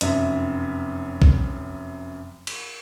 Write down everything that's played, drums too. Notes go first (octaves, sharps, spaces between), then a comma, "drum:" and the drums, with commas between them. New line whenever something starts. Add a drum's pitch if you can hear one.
F1 F#2 E5, drum: hi-hat
drum: kick
drum: cymbal